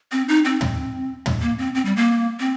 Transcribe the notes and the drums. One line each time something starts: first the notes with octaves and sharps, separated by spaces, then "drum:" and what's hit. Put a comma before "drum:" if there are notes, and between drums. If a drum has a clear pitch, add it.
C4
D#4
C4
drum: tom
drum: tom
A#3
C4
C4
G3
A#3
C4